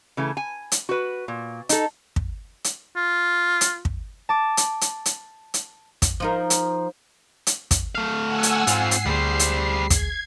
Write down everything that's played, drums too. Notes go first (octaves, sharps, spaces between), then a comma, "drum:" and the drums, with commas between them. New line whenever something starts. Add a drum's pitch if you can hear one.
C#3 E3 A3
G#5
drum: hi-hat
F#4 B4
A#2
D#4 A4, drum: hi-hat
drum: kick
drum: hi-hat
F4
drum: hi-hat
drum: kick
A5 D6
drum: hi-hat
drum: hi-hat
drum: hi-hat
drum: hi-hat
drum: kick, hi-hat
F3 D#4 A#4
drum: hi-hat
drum: hi-hat
drum: kick, hi-hat
A3 F5
F#5 G#5 E6
drum: hi-hat
G#2 C4 F4 C7, drum: hi-hat
drum: hi-hat
D2 G3 G#4 C5
drum: hi-hat
G#6, drum: kick, hi-hat